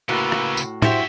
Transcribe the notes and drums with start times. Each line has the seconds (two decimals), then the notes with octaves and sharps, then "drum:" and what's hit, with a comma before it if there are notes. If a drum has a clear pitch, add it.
0.09 A2 C#3 A#3 F4 F#4 B4 E6
0.32 drum: rim click
0.57 drum: tambourine
0.82 F#2 E4 F#4 G4 C5 E5, drum: tom A2